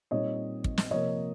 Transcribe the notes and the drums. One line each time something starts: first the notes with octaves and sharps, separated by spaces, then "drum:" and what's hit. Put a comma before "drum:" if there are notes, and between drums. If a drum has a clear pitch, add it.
A#2 G3 C4 D#4 C#5 D#5
drum: kick
drum: snare
C3 F3 A#3 C#5 D#5